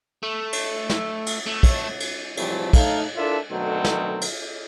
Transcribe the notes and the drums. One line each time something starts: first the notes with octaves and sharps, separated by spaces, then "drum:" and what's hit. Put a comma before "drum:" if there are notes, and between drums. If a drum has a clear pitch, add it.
A3
drum: cymbal
drum: snare
drum: cymbal
A3
drum: kick, cymbal
drum: cymbal
G#2 C3 E3 F3 G3 A3, drum: cymbal
A3 D#4 F5, drum: kick, cymbal
D4 E4 F4 A4 A#4 E5
B2 D3 D#3 F#3 A3 C4
drum: snare
drum: cymbal